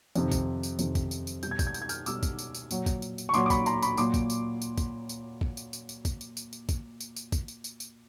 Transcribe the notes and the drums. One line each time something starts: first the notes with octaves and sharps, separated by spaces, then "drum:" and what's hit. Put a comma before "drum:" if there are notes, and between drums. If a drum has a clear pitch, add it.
F2 C3 D#3, drum: tambourine
drum: kick, tambourine
drum: tambourine
F2 C3 D#3, drum: tambourine
drum: kick, tambourine
drum: tambourine
drum: tambourine
B2 G3 G6, drum: tambourine
G#6
G6, drum: kick, tambourine
G#6
G6, drum: tambourine
G#6
F6 G6, drum: tambourine
B2 G3 D6 E6, drum: tambourine
drum: kick, tambourine
drum: tambourine
drum: tambourine
A#2 F#3, drum: tambourine
drum: kick, tambourine
drum: tambourine
drum: tambourine
C#6
A#2 F#3 C6 D6, drum: tambourine
D6
B5 C#6, drum: kick, tambourine
A#5 C6, drum: tambourine
B5 C#6, drum: tambourine
A#2 F#3 C6 D6, drum: tambourine
drum: kick, tambourine
drum: tambourine
drum: tambourine
drum: kick, tambourine
drum: tambourine
drum: kick
drum: tambourine
drum: tambourine
drum: tambourine
drum: kick, tambourine
drum: tambourine
drum: tambourine
drum: tambourine
drum: kick, tambourine
drum: tambourine
drum: tambourine
drum: kick, tambourine
drum: tambourine
drum: tambourine
drum: tambourine